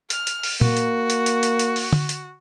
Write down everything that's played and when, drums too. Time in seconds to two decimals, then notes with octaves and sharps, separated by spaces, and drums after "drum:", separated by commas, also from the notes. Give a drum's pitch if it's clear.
0.10 F6, drum: hi-hat
0.27 drum: hi-hat
0.43 drum: open hi-hat
0.61 A#3 F#4, drum: tom A#2
0.77 drum: hi-hat
1.10 drum: hi-hat
1.26 drum: hi-hat
1.43 drum: hi-hat
1.59 drum: hi-hat
1.76 drum: open hi-hat
1.93 drum: tom D3
2.09 drum: hi-hat